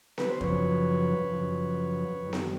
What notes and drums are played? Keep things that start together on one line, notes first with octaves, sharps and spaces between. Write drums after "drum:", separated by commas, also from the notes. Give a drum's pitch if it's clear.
B4, drum: snare B3
C5
F#2 C#3 F3 B4 C#5, drum: kick
F#2 C#3 F3
F#2 D#3 G3
drum: snare B3